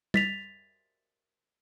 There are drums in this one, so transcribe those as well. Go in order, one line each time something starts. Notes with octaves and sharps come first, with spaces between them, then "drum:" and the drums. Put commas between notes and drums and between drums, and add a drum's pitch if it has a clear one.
A6 B6 F7, drum: tom